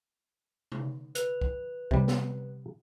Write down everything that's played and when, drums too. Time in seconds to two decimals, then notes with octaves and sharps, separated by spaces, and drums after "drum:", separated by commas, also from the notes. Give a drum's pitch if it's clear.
0.72 drum: tom C3
1.15 B4 F#6 F7, drum: hi-hat
1.41 drum: kick
1.91 C3 G3, drum: kick
2.08 drum: snare B3